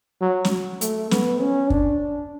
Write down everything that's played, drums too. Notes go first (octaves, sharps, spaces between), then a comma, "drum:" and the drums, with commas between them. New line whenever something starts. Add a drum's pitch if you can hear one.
F#3
drum: snare
A3, drum: hi-hat
B3, drum: snare
C#4
D4, drum: kick